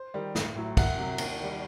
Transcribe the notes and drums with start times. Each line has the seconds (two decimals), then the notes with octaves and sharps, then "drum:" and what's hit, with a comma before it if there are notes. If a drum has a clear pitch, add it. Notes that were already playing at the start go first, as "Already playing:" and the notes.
Already playing: C5
0.14 D#3 G3
0.35 A1, drum: snare
0.56 A2 F#3
0.77 C2 F#5, drum: kick, cymbal
0.98 C3 F#3
1.18 D#2, drum: cymbal
1.39 D#3 G3